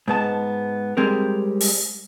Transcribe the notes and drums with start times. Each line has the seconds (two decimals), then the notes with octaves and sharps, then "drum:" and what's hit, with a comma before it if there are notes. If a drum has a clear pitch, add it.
0.08 G#2 B3 A5
0.97 G3 G#3 C4 A#4
1.61 drum: open hi-hat